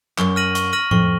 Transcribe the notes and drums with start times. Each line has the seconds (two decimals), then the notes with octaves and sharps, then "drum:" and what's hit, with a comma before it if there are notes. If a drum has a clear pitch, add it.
0.18 F#2 C#6, drum: clap
0.36 F6 A#6 D#7 F#7
0.55 C#6, drum: hi-hat
0.73 F6 A#6 D#7 F#7
0.91 F2 C#6, drum: tom A2